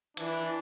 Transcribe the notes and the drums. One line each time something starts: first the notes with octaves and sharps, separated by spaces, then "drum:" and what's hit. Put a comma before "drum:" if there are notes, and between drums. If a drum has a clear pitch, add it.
E3 D4, drum: hi-hat